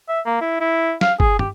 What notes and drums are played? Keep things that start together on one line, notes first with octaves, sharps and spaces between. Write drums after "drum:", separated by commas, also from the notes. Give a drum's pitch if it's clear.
E5
A#3
E4
E4
F5, drum: snare
G#4, drum: kick
G4, drum: tom